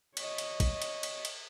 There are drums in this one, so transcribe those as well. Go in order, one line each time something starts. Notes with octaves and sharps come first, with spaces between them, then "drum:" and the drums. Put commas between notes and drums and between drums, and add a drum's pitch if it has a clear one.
C#5 D#5, drum: cymbal
drum: cymbal
drum: kick, cymbal
drum: cymbal
drum: cymbal
drum: cymbal